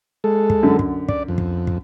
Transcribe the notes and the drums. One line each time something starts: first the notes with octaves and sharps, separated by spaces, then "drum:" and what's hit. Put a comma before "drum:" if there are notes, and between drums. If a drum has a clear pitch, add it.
G#3 A4
drum: kick
F#2 D3
drum: kick
D5, drum: kick
F2
drum: kick
drum: kick